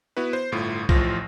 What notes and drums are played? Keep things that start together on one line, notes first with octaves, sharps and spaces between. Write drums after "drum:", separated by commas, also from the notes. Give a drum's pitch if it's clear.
B3 E4 F#4 B4
C5
G1 A2 F4
A1 A2 F3 F4 A#6, drum: kick B1